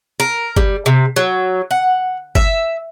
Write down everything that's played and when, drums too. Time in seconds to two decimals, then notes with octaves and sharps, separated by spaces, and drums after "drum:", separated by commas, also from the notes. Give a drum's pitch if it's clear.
0.20 A#4
0.56 G3, drum: kick G1
0.86 C3
1.16 F#3
1.71 F#5
2.35 E5, drum: kick G1